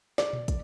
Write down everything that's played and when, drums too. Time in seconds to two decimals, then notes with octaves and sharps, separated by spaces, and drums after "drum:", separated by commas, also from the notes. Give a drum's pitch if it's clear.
0.18 D5, drum: snare
0.33 drum: tom A#2
0.48 drum: kick, hi-hat